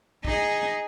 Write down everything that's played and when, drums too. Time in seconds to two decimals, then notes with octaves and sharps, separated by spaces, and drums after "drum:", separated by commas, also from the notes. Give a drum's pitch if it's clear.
0.25 D#4 G#4, drum: kick